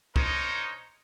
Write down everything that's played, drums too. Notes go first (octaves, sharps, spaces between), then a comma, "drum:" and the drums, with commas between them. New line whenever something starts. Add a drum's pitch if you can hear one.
D4 D#4 A#4 C5 C#5 D#5, drum: kick C2